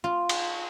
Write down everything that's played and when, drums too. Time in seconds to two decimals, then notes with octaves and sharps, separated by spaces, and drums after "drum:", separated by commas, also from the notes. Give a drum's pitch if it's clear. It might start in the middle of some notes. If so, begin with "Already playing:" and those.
0.04 F4
0.29 drum: cymbal